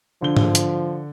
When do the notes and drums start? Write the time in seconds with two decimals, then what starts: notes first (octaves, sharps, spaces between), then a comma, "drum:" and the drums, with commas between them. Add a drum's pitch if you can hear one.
0.22 D3 F3 G7
0.37 drum: tom G#2
0.55 drum: hi-hat